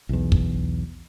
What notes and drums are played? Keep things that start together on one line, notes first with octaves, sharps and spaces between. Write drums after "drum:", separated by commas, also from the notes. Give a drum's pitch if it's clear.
B1 E2
drum: kick